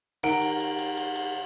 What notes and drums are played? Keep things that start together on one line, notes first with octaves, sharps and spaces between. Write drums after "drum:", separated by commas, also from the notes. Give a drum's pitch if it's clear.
D#3 A#4 F#5 D7, drum: cymbal
drum: cymbal
drum: cymbal
drum: cymbal
drum: cymbal
drum: cymbal